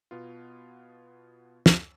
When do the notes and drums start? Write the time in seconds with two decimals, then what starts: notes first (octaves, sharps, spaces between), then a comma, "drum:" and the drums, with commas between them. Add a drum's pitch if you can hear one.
0.11 B2 B3 F4
1.66 drum: snare